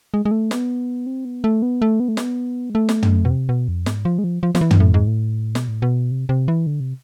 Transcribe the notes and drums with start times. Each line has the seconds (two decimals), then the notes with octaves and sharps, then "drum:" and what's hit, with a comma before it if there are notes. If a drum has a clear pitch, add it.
0.14 G#3
0.25 G#3
0.31 A3
0.51 B3, drum: snare
1.06 C4
1.25 B3
1.44 A3
1.62 B3
1.82 A3
2.00 B3
2.08 A3
2.17 B3, drum: snare
2.70 G#3
2.75 A3
2.89 drum: snare
3.03 drum: tom
3.25 B2
3.30 C3
3.49 B2
3.68 F2
3.86 G#2, drum: snare
4.05 F3
4.19 G#3
4.24 F3
4.43 F3
4.55 F3, drum: snare
4.61 E3
4.71 drum: tom
4.80 A2
4.94 G#2
5.07 A2
5.55 B2, drum: snare
5.68 A2
5.82 B2
6.11 C3
6.29 C3
6.48 E3
6.67 D3
6.80 C3